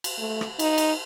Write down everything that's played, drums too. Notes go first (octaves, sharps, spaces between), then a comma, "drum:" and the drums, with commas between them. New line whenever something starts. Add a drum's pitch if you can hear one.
drum: cymbal
A3
drum: rim click
D#4, drum: cymbal
drum: cymbal